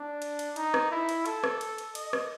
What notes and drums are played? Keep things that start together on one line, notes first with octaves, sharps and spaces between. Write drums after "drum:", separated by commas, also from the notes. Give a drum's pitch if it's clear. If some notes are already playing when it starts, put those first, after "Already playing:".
Already playing: D4
drum: cymbal
drum: cymbal
D#4, drum: cymbal
drum: rim click
E4
drum: cymbal
A4, drum: cymbal
drum: rim click
drum: cymbal
drum: cymbal
D#5, drum: cymbal
drum: rim click